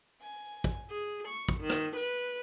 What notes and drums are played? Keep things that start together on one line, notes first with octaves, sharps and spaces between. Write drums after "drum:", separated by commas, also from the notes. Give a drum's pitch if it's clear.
G#5
drum: kick
G#4
C#6
drum: kick
D#3
drum: rim click
B4